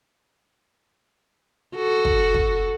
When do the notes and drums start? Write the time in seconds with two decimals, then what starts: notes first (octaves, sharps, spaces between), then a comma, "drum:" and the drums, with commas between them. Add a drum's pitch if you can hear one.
1.75 F#4 A4
2.05 drum: kick
2.34 drum: kick